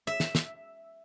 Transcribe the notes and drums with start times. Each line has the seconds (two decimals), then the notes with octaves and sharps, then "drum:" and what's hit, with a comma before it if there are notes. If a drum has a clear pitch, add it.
0.07 E5
0.20 drum: snare
0.35 drum: snare